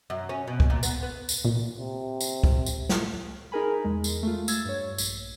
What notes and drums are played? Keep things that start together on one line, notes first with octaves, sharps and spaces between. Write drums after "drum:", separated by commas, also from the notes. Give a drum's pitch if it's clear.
F#2
C#4
B2
drum: kick C#2
A#2
B3, drum: tambourine
B3
drum: tambourine
A#2
C3
drum: tambourine
drum: kick C#2
drum: tambourine
drum: snare
D#4 G#4 A#4 G#5 B5
E2 G#3
drum: tambourine
A3 F4
E6 G#6 A6, drum: tambourine
G2 C#5
A#1, drum: tambourine